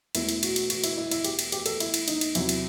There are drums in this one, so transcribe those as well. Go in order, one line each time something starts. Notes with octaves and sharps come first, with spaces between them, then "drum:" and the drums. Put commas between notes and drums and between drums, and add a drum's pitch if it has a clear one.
E1 E2 B2 A3 E4, drum: cymbal
drum: cymbal
F#4, drum: cymbal
drum: cymbal
F#4, drum: cymbal
E4, drum: cymbal
E4
E4, drum: cymbal
G4, drum: cymbal
drum: cymbal
G4, drum: cymbal
A4, drum: cymbal
E4, drum: cymbal
drum: cymbal
D#4, drum: cymbal
drum: cymbal
E2 C3 F#3 E4, drum: cymbal
drum: cymbal